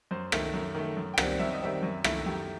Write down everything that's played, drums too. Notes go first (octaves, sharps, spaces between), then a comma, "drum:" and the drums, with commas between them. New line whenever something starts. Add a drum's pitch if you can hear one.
F#2 C5
D#3 A3, drum: rim click
F#2
D#3 A3
F#2
G5
D#3 G3 C4 F#5, drum: rim click
F#2 E5
D#5
D#3 G3 C4 E5
F#2
D#3 A3 E4, drum: rim click
F#2 G4